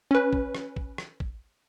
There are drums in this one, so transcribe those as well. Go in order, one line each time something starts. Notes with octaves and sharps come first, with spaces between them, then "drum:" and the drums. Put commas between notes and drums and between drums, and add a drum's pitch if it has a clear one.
C#4 B4
drum: kick
drum: rim click
drum: kick
drum: rim click
drum: kick